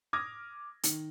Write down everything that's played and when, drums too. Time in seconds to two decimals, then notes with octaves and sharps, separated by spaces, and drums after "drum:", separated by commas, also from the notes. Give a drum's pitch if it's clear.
0.13 D6 D#6 F6 G#6 A#6
0.83 D#3, drum: hi-hat